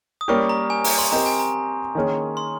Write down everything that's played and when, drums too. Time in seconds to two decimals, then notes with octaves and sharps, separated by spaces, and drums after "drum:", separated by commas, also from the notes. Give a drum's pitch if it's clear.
0.21 D#6
0.28 G3 A#3 C#4 G4 A#4 C#6
0.49 A#5
0.70 G#5
0.84 A#5, drum: open hi-hat
0.98 C6
1.12 C4 G4 A#4 D#5 A#5
1.26 G#5
1.40 A#5
1.95 D#3 A#3 C#4 G#4 C#5
2.37 C6